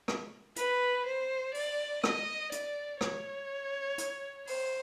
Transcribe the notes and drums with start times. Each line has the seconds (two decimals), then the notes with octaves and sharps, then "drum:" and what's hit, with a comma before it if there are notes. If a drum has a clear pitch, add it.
0.08 drum: rim click
0.56 B4, drum: hi-hat
1.06 C5
1.54 D5, drum: open hi-hat
2.04 D#5, drum: rim click
2.52 D5, drum: hi-hat
3.01 C#5, drum: rim click
3.98 drum: hi-hat
4.47 C5, drum: open hi-hat